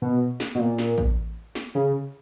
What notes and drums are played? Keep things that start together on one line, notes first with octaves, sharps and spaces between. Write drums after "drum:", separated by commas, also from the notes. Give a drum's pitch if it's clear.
B2
drum: snare
B2
A#2
drum: snare
drum: kick
drum: snare
C#3